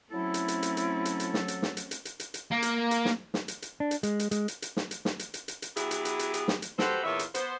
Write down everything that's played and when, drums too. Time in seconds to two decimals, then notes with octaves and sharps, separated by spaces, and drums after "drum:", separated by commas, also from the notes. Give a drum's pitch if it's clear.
0.11 F#3 A3 C4 C#4 E4 A4
0.34 drum: hi-hat
0.48 drum: hi-hat
0.63 drum: hi-hat
0.77 drum: hi-hat
1.05 drum: hi-hat
1.20 drum: hi-hat
1.34 drum: snare
1.48 drum: hi-hat
1.62 drum: snare
1.77 drum: hi-hat
1.91 drum: hi-hat
2.05 drum: hi-hat
2.20 drum: hi-hat
2.34 drum: hi-hat
2.52 A#3
2.62 drum: hi-hat
2.91 drum: hi-hat
3.05 drum: snare
3.34 drum: snare
3.48 drum: hi-hat
3.62 drum: hi-hat
3.80 D4
3.91 drum: hi-hat
4.03 G#3, drum: hi-hat
4.19 drum: hi-hat
4.31 G#3, drum: hi-hat
4.48 drum: hi-hat
4.62 drum: hi-hat
4.77 drum: snare
4.91 drum: hi-hat
5.05 drum: snare
5.19 drum: hi-hat
5.34 drum: hi-hat
5.48 drum: hi-hat
5.62 drum: hi-hat
5.77 F#3 B3 E4 G4 G#4, drum: hi-hat
5.91 drum: hi-hat
6.05 drum: hi-hat
6.19 drum: hi-hat
6.34 drum: hi-hat
6.48 drum: snare
6.62 drum: hi-hat
6.79 F#4 G4 A4 B4 C5, drum: snare
7.04 E2 A#2 E3 F4 C#5 E5
7.19 drum: hi-hat
7.35 B3 C5, drum: hi-hat